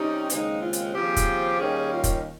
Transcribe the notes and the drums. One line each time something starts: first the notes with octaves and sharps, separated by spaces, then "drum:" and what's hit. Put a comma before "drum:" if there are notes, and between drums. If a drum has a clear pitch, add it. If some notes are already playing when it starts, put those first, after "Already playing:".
Already playing: C3 G3 C#4 D#4
D#2 C#3 G#3 C4 D#4, drum: hi-hat
F4
drum: hi-hat
D#2 C#3 F3 C4 G4
drum: kick, hi-hat
D#2 D#3 G3 C#4 G#4
F4
drum: kick, hi-hat